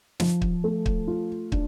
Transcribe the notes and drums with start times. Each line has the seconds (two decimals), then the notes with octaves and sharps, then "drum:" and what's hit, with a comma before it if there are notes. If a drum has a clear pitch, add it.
0.20 F3, drum: snare
0.42 drum: kick
0.64 A3
0.86 drum: kick
1.08 F4
1.52 D4, drum: kick